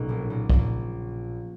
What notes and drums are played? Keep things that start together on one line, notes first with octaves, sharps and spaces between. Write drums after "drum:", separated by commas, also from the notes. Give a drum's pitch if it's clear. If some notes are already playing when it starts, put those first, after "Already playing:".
Already playing: B1 A#2 A#3 C#4
A#1
A#1
A#1, drum: kick